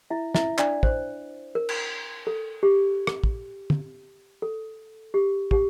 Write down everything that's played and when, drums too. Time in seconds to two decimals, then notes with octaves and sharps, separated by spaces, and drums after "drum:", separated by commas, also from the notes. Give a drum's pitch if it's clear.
0.10 E4 E5
0.35 E4 E5, drum: snare
0.58 D4 D5, drum: clap
0.83 C5, drum: kick
1.55 A#4
1.69 drum: cymbal
2.27 A4
2.63 G4
3.07 drum: rim click
3.24 drum: kick
3.70 drum: tom
4.42 A4
5.14 G4
5.51 G4, drum: kick